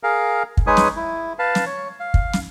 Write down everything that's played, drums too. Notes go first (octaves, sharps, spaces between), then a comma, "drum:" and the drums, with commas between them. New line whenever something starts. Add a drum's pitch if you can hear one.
G#4 A#4 F5
drum: kick
G#3 D#4 B4 C#5 G#5 D#6
drum: snare
E4
B4 F5 A5
drum: snare
C#5
F5
drum: kick
drum: snare